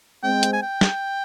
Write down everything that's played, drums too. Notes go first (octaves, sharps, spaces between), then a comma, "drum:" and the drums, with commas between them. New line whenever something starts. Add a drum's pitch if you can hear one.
G#3 C4 G5
drum: hi-hat
G#5
G5
drum: snare